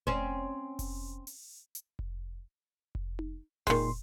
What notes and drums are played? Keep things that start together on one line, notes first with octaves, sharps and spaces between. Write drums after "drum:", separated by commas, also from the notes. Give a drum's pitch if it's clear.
C4 C#4, drum: kick F1
drum: kick F1, open hi-hat
drum: open hi-hat
drum: hi-hat
drum: kick F1
drum: kick F1
drum: tom D#4
A#2 D#3 G#3 C6, drum: kick F1, open hi-hat